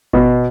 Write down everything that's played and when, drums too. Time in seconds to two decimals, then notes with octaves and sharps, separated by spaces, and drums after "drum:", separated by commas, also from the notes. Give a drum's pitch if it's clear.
0.13 B2, drum: kick G#1